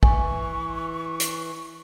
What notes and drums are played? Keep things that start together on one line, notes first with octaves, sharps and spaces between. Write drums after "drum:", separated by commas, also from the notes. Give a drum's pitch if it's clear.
E3 G#5 C#6, drum: kick
drum: hi-hat